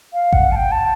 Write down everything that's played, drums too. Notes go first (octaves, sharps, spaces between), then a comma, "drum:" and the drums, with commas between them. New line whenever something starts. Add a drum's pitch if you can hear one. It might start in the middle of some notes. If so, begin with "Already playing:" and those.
F5
F#5, drum: kick G#1
A5
G5
A5